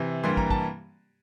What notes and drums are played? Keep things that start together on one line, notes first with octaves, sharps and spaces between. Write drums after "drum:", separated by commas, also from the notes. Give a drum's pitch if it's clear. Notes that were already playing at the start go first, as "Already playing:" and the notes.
Already playing: C3 E3
G2 E3 G3 A#3 C6
A#5, drum: kick
A5, drum: kick